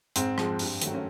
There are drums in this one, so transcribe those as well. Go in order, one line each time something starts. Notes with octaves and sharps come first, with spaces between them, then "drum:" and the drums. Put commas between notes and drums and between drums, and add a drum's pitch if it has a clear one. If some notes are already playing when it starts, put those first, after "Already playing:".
G#2 C4, drum: hi-hat
F3 G#3, drum: rim click
G2, drum: open hi-hat
D#3 F#3 A3, drum: hi-hat
C#4